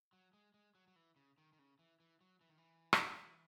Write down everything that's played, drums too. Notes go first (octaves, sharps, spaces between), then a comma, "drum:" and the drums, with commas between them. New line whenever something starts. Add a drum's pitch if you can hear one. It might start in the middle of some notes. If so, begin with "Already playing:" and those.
F#3
G#3
G#3
F#3
F#3
E3
C#3
D#3
D#3
C#3
E3
E3
F#3
E3
D#3
E3
drum: rim click